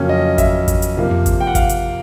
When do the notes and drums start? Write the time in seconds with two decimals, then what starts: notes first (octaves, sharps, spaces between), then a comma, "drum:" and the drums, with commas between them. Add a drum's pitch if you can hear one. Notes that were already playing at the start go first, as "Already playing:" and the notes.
Already playing: F2 C#3 F#3 A#3 C#4
0.09 D#5
0.38 E5, drum: kick G#1, hi-hat
0.68 drum: kick G#1, hi-hat
0.82 drum: hi-hat
0.97 C3 F3 A#3
1.11 drum: tom F2
1.26 drum: kick G#1, hi-hat
1.41 G5
1.47 F#5
1.55 F5, drum: kick G#1, hi-hat
1.69 drum: hi-hat